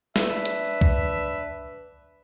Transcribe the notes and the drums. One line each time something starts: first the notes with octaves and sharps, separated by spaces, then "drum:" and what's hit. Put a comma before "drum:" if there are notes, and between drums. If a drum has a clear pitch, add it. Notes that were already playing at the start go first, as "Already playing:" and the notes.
D4 B4 E5, drum: snare
drum: hi-hat
drum: kick C2